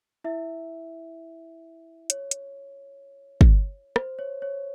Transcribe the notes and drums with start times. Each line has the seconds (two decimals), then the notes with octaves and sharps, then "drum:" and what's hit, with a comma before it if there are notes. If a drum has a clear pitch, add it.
0.24 E4 E5
2.10 C#5, drum: hi-hat
2.31 drum: hi-hat
3.41 drum: kick
3.96 C5, drum: rim click
4.19 C#5
4.42 C#5